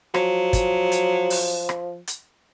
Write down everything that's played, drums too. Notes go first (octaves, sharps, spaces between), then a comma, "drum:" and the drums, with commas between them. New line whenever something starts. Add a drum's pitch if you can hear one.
F3 F#3, drum: rim click
drum: kick, hi-hat
drum: hi-hat
drum: open hi-hat
drum: rim click
drum: hi-hat